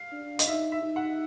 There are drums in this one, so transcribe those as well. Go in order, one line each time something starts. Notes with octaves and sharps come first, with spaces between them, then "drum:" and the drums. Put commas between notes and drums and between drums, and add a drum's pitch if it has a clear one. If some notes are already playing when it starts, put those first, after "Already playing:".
Already playing: F5
D4
D#5, drum: hi-hat
D#4 E5
E5
D#4
F#5